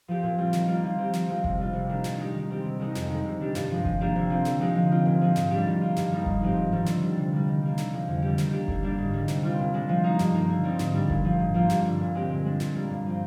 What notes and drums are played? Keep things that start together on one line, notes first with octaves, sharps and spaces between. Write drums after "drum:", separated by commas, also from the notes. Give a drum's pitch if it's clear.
F3 C4 G4
A#2
G3 C4 F4
D#3, drum: snare
G3 A#3 F4
F3
C4 G4
F3, drum: snare
G#3 C4 F4
C3, drum: kick F#1
G3 D4 F4
C3
D#3 A#3 D4 G4
A#2, drum: snare
G#3 D#4 G4
D#3
G3 C4 G4
C3
D#3 G#3 D#4
F2, drum: snare
D#3 G#3
C3
G3 D4 G4
G2, drum: snare
F3 G#3
F3, drum: kick F#1
A#3 D4 G4
C3
F3 C4
D3, drum: snare
F3 G#3 D#4 G4
F3
C4 F4
A#2
F3 G#3
G#2, drum: snare
G3 D4 G4
D#3
A#3 F4
G2, drum: snare
D#3 G3 A#3 D#4
G#2, drum: kick F#1
F3 G#3 C4 G4
G#2
D#3 G3 C4
D3, drum: snare
G3 D4
C3
D#3 G3
D#3
G3 A#3
D3, drum: snare
F3 G#3
F2
D3 G3 C4 G4
D#3, drum: snare
A#3 D4 G4
D3, drum: kick F#1
G3 A#3 D4 G4
G#2
D#3 G3
C3, drum: snare
G3 C4 F4
A#2
G#3 D4
F3
A#3 D#4
G2, drum: snare
D#3 A#3
D3
G3 C4 D#4
G#2, drum: snare
G3 D4
A#2, drum: kick F#1
F3 A#3
G#2
F3 A#3 F4
G2, drum: snare
D3 G3
A#2
G#3 C4 G4
A#2
G#3 D4
A#2, drum: snare
G3 A#3
G2
F3 C4